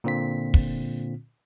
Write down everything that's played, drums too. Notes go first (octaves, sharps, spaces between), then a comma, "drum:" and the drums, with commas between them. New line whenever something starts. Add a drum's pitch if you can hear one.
A#2 D3 C4 F4 B6
drum: kick